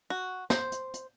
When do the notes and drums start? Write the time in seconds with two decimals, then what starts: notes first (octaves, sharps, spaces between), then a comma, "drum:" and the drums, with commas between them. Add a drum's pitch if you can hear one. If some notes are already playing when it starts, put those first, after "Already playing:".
0.10 F#4
0.50 C5, drum: snare
0.72 drum: hi-hat
0.94 drum: hi-hat